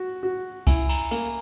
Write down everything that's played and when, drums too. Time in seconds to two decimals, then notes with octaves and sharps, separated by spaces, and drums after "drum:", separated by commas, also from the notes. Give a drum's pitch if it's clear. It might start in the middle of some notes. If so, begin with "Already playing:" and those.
Already playing: F#4
0.23 F#4
0.67 E4 G#5, drum: kick C2, cymbal
0.89 A#5, drum: cymbal
1.11 A#3 A#5, drum: cymbal